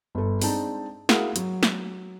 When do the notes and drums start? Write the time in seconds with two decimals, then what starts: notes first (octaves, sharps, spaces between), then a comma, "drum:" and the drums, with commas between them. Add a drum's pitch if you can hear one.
0.15 G1 A4
0.42 G#3 C4 D4 D#4 A5, drum: open hi-hat
1.09 E4 F#4 G#4 A#4 F5 F#5, drum: snare
1.36 F#3, drum: hi-hat
1.63 drum: snare